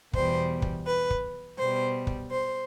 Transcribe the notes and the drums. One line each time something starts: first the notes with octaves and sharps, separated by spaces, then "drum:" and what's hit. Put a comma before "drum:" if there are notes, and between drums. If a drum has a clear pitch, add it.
E2 B2 G3 C5, drum: kick
drum: kick
B4
drum: kick
B2 G3 C5
drum: kick
C5